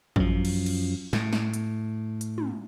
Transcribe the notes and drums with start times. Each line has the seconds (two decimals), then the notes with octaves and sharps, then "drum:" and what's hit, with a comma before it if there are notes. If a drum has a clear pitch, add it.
0.16 F#2 F3, drum: kick
0.45 drum: cymbal
0.66 drum: cymbal
1.13 A2, drum: snare
1.33 drum: snare
1.54 drum: hi-hat
2.21 drum: hi-hat
2.38 drum: tom